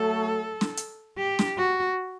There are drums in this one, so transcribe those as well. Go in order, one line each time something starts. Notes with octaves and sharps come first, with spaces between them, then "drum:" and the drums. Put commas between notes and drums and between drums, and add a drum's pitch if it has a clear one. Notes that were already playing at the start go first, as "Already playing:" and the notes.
Already playing: F#3 A3 A4
drum: snare
drum: hi-hat
G4
drum: snare
F#4